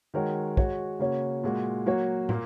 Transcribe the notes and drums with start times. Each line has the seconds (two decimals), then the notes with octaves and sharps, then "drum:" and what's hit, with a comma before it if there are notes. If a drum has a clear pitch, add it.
0.14 D#3 G#3 F#4 A#4 C#5
0.57 G#3 F#4 C#5, drum: kick
0.99 C#3 A#3 C#4 F#4 C#5
1.43 A#2 G#3 F#4
1.86 F#3 A#3 F#4 C#5
2.29 A#2 A#3, drum: tom